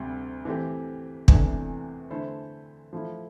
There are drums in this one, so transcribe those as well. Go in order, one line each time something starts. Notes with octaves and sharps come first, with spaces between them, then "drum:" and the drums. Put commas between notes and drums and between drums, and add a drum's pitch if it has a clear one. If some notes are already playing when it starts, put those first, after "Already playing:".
Already playing: D2 C3 G3
E3 A3 C4 G4
E2 C3 E3 A3 D4, drum: kick
D3 A3 E4 A4 C5
F3 A3 E4